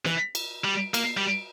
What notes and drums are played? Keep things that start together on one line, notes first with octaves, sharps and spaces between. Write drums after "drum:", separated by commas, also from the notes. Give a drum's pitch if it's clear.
E3, drum: snare
drum: cymbal
G3
A#3, drum: cymbal
G3